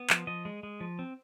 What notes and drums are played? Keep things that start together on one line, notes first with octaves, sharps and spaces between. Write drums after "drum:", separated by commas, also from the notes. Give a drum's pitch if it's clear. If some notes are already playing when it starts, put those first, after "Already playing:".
Already playing: B3
F3, drum: clap
F3 D#5
G#3
G#3
F3
C4